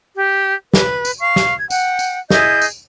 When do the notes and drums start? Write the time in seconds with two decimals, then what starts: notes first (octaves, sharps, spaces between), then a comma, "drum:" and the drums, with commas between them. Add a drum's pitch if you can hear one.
0.15 G4
0.74 B4, drum: snare
1.05 drum: tambourine
1.20 F5 C#6
1.36 drum: snare
1.58 G#6
1.70 F#5 G5, drum: tambourine
1.99 drum: tambourine
2.30 E4 G#4 D#5 G6, drum: snare
2.62 drum: tambourine